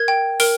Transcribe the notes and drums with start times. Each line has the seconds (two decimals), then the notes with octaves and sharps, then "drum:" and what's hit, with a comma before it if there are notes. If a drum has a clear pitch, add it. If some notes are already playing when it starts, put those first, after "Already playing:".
Already playing: A#4 G#6
0.08 G5
0.40 A#4 D7, drum: open hi-hat